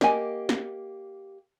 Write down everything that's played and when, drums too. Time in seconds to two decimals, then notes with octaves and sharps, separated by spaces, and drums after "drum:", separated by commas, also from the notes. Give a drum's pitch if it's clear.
0.01 A#3 G4 D#5 F#5 G#5, drum: snare
0.49 drum: snare